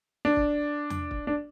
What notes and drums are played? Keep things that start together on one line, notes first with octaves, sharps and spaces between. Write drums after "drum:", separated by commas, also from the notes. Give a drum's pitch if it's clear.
D4
drum: kick
drum: tom E2
drum: kick
D4